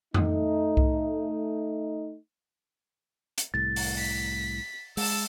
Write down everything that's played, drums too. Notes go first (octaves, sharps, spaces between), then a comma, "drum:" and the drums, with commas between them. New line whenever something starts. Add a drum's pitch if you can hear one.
A3 D#4, drum: tom F2
drum: kick C2
drum: hi-hat
C2 A2 A6
drum: open hi-hat
B6
G#3 A5 E6, drum: open hi-hat